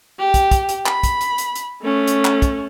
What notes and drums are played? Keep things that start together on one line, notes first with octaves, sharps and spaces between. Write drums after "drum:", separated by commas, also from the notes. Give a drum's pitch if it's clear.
G4
drum: kick, hi-hat
drum: kick, hi-hat
drum: hi-hat
B5, drum: clap
drum: kick, hi-hat
drum: hi-hat
drum: hi-hat
drum: hi-hat
A3 C#4
drum: hi-hat
drum: clap
drum: kick, hi-hat